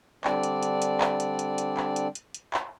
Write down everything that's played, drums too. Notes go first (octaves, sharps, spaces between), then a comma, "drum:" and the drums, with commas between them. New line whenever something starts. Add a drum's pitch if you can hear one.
D3 G3 C4 D4 D5, drum: clap
drum: hi-hat
drum: hi-hat
drum: hi-hat
drum: clap
drum: hi-hat
drum: hi-hat
drum: hi-hat
drum: clap
drum: hi-hat
drum: hi-hat
drum: hi-hat
drum: clap